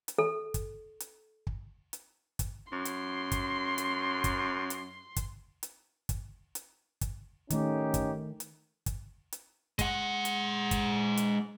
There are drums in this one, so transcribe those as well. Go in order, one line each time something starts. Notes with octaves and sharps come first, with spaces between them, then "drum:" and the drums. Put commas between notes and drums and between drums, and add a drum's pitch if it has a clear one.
drum: hi-hat
A4
drum: kick, hi-hat
drum: hi-hat
drum: kick
drum: hi-hat
drum: kick, hi-hat
F#2 C6
drum: hi-hat
drum: kick, hi-hat
drum: hi-hat
drum: kick, hi-hat
drum: hi-hat
drum: kick, hi-hat
drum: hi-hat
drum: kick, hi-hat
drum: hi-hat
drum: kick, hi-hat
D#3 A3 C#4 D#4 G4, drum: hi-hat
drum: kick, hi-hat
drum: hi-hat
drum: kick, hi-hat
drum: hi-hat
G#3 F#5, drum: kick, hi-hat
drum: hi-hat
drum: kick, hi-hat
drum: hi-hat